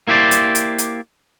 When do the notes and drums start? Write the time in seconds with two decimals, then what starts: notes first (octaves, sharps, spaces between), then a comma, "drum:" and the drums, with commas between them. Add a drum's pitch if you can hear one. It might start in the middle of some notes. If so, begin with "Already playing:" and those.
0.08 A#3 E4 G4 C5 D5
0.31 drum: hi-hat
0.55 drum: hi-hat
0.78 drum: hi-hat